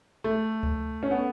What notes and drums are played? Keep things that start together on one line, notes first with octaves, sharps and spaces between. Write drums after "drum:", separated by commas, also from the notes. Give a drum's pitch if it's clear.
A3
drum: kick C#2
C#4
B3